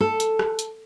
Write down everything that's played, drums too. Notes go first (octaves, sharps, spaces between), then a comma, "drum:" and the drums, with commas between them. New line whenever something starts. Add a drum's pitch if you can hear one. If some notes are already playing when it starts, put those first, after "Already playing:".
A4
drum: hi-hat
drum: rim click
drum: hi-hat